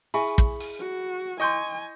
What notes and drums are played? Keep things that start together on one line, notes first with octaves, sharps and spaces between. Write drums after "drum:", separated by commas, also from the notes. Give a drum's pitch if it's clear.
E4 G#4 E5 G#5 B5 C#6, drum: open hi-hat
drum: kick
drum: open hi-hat
F#4
E4 D#5 G#5 C6 C#6 G6